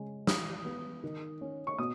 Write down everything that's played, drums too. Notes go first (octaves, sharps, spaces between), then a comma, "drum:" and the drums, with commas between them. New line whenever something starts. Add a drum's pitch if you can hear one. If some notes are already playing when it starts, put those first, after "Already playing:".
Already playing: C#3 G#3
E3 D#6, drum: snare
B3
D#3
C#4
C#6
B2 D#6